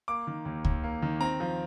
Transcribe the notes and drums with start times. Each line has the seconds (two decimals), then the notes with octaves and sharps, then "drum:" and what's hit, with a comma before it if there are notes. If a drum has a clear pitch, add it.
0.08 A#3 D6
0.27 D#3
0.45 D#2
0.65 D#2, drum: kick C#2
0.84 A#3
1.02 D#3
1.21 C4 A#5
1.40 F3